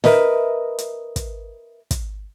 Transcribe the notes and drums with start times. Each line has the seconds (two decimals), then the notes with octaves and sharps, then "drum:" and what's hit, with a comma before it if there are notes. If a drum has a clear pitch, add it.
0.04 A#4 B4 D#5 E5, drum: snare
0.78 drum: hi-hat
1.16 drum: kick, hi-hat
1.91 drum: kick, hi-hat